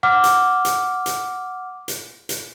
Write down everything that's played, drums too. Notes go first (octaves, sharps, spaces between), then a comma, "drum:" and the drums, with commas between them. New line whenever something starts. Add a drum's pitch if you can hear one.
F#5 D6 F6
drum: hi-hat
drum: hi-hat
drum: hi-hat
drum: hi-hat
drum: hi-hat